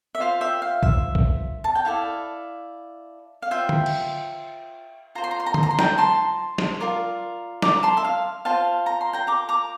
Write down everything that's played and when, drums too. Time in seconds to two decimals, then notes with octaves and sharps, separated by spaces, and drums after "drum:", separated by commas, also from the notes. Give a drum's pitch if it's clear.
0.15 E5
0.20 F4 C5 F5
0.41 E5 G5
0.62 F5
0.83 E5, drum: kick B1
1.15 drum: kick B1
1.64 A5
1.75 G5
1.85 E4 A4 D5 F5
3.42 F5
3.51 F4 C5 E5 G5
3.69 drum: tom
3.86 drum: cymbal
5.15 F4 C5 A#5
5.24 C6
5.31 A#5
5.40 C6
5.46 A#5
5.54 C6, drum: tom
5.63 A#5
5.71 C6
5.79 G5 A#5, drum: snare
5.98 A5 C6
6.58 drum: snare
6.80 F4 A#4 D5
7.62 A#5 D6, drum: snare
7.83 A5 C6
7.97 E5
8.04 F5
8.45 F4 C5 F5 A5
8.86 A#5
9.01 C6
9.13 G5 A#5
9.27 A#5 D6
9.49 A#5 D6